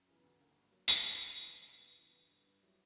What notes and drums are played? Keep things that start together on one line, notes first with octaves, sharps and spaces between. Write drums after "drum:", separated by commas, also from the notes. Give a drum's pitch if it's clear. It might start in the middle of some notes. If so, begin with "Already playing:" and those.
Already playing: F#2
C#3 E3 B3
D2
D3 A#3
G2
F#3 A#3
G2, drum: tambourine
D3 A#3 D4 G4
C#3
E3 G3 B3 E4
C#3
G3 B3 D4
G2
E3 B3
D2
D3 G3 B3
G2
F#3 A#3 E4 G4